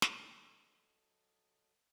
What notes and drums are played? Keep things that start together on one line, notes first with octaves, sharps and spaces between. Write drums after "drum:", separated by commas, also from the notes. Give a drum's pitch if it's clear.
F#3 A4 D#5, drum: snare